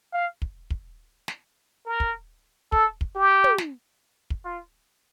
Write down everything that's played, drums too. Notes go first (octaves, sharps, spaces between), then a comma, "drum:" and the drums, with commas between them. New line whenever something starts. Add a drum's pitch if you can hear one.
F5
drum: kick
drum: kick
drum: snare
A#4
drum: kick
A4, drum: kick
drum: kick
G4
drum: tom
drum: snare
drum: kick
F4